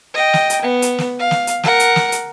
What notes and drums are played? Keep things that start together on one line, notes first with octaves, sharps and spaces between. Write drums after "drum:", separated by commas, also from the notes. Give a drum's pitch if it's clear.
D#5 G5
drum: snare
drum: hi-hat
B3
drum: hi-hat
drum: snare
F5
drum: snare
drum: hi-hat
A#4 F#5, drum: snare
drum: hi-hat
drum: snare
drum: hi-hat